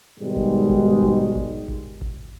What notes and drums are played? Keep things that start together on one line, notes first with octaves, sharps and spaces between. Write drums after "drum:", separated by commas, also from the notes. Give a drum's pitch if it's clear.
G#2 B2 D#3 G3 G#3
drum: kick G#1
drum: kick G#1
drum: kick G#1
drum: kick G#1
drum: kick G#1
drum: kick G#1